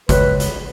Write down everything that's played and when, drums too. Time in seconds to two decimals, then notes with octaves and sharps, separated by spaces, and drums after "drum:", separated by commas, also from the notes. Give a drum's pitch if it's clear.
0.09 C#2 B4, drum: kick G1, hi-hat
0.40 drum: hi-hat